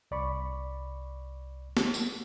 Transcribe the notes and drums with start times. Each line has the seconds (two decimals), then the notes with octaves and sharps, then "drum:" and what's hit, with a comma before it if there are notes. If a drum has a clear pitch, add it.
0.11 C2 D5 B5 C#6
1.77 drum: snare
1.94 drum: tambourine